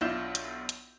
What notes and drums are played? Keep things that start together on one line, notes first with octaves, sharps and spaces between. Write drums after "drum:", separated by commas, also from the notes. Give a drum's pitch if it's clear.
B1 D4 E4 F4 G6 E7
drum: hi-hat
drum: hi-hat